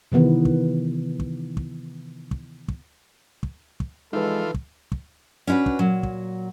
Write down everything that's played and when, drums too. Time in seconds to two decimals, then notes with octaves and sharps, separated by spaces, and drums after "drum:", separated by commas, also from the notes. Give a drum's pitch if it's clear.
0.12 C3 D#3 E3 B3
0.45 drum: kick
1.20 drum: kick
1.57 drum: kick
2.31 drum: kick
2.68 drum: kick
3.43 drum: kick
3.80 drum: kick
4.13 E3 F3 G#3 D#4 F4 A4 B4
4.54 drum: kick
4.92 drum: kick
5.47 C#4 D4 E4 F#4 B4
5.66 drum: kick
5.79 A#2 F#3
6.03 drum: kick